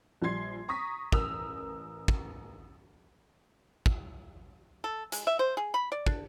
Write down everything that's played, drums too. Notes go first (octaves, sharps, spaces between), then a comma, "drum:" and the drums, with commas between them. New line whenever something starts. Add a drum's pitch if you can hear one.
A#1 F3 G3 C6 G#6 C7
A#5 C#6 D#6 A#6 B6
A1 A#4 D#6 E6 F7, drum: kick
drum: kick
drum: kick
A4
G#3, drum: hi-hat
E5
C5
G#4
B5
D5
D4, drum: kick